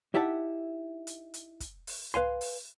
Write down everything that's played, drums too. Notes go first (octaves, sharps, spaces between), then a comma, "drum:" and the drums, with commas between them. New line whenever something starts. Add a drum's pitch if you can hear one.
D#4 E4 G4 E5 F#5 A5
drum: hi-hat
drum: hi-hat
drum: kick, hi-hat
drum: open hi-hat
B4 F5 G#5 C6, drum: tom C2
drum: open hi-hat